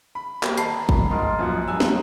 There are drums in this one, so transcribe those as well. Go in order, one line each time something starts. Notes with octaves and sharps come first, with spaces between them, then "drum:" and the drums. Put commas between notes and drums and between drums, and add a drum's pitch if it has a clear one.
B5
A#3 G4 C5, drum: clap
D#3 A5 B5 C7, drum: hi-hat
drum: kick G#1
G#2 G#3 F4 A#4
F#2 A#2 F3 G#4 E5 F#5
G2 G#5 E6
drum: snare